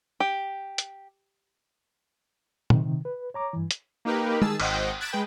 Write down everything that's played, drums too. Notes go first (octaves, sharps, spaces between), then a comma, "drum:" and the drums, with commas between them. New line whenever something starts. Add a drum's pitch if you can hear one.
G4
drum: hi-hat
C3 D#3, drum: tom
B4
C#5 A#5 D6
G2 E3
drum: hi-hat
A#3 D#4 G4 A#4 B4
D#3 G#4 A5 E6, drum: tom G#3
G#1 C5 D#5 F#5 G5, drum: cymbal
F#6 G#6 A6 B6 D7 E7
G#3 B4 G5